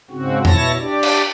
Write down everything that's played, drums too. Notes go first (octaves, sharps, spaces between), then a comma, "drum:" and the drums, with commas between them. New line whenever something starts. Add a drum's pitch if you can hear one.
G#2 C#3 C4 F#4
B2 E4 C#5 A5 A#6, drum: tom
D4 G4 D5
drum: cymbal